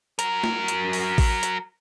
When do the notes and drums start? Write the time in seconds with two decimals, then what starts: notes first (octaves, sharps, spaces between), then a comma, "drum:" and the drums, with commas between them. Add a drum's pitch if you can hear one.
0.19 F#3 A#4, drum: hi-hat
0.44 drum: snare
0.68 drum: hi-hat
0.93 drum: open hi-hat
1.18 drum: kick A1, open hi-hat
1.43 drum: hi-hat